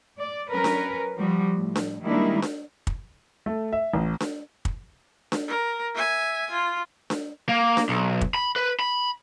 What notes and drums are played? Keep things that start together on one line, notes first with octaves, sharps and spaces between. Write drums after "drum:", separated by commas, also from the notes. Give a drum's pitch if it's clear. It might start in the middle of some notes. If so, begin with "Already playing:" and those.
D5
F#3 C#4 A#4 B4
drum: snare D4
F3 G3 F#4
A2
drum: snare D4
D#3 G3 G#3 A#3 D4 E4
drum: snare D4
drum: kick
A3
E5
A1
drum: snare D4
drum: kick
drum: snare D4
A#4
E5 G#5
F4
drum: snare D4
A#3
drum: snare D4
B1
drum: kick
B5
B4
B5